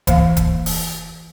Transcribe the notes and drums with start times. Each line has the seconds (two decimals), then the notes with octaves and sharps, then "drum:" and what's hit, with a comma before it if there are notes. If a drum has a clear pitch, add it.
0.07 E3 A#3 F5, drum: kick E1, hi-hat
0.37 drum: kick E1, hi-hat
0.66 drum: open hi-hat